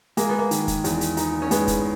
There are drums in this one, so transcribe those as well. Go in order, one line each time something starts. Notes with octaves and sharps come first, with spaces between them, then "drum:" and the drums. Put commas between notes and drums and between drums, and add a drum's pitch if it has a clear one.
G#3 A#3, drum: hi-hat
B3
A#3
D#3, drum: hi-hat
drum: kick, hi-hat
E2, drum: hi-hat
drum: hi-hat
D#4, drum: hi-hat
C#4
G#3 B3, drum: hi-hat
drum: kick, hi-hat